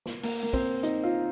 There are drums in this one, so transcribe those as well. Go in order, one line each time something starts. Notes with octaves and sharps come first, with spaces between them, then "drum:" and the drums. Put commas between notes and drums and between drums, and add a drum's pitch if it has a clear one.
drum: snare
A#3, drum: cymbal
A#3
C4, drum: kick
D#4, drum: hi-hat
F4